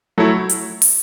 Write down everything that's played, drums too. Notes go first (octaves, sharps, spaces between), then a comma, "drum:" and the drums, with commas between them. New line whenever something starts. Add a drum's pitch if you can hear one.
F#3 A3 E4
drum: hi-hat
drum: open hi-hat